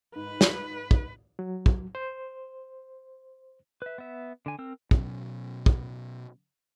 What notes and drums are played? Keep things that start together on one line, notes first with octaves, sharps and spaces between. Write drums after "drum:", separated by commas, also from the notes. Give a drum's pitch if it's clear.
G#2 B4
drum: snare
drum: kick
F#3
drum: kick
C5
B4 E5
B3 E5
D3 G#5
C4 A#4 E6
B2 F#3 B3 C#4, drum: kick
drum: kick